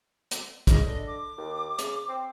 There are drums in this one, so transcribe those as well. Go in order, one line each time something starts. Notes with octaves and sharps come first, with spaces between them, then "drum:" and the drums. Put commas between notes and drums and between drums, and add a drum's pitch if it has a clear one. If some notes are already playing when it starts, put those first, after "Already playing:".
drum: hi-hat
C#3 D#5, drum: kick, hi-hat
D3 D#5
D6
D#2
C#3, drum: hi-hat
C4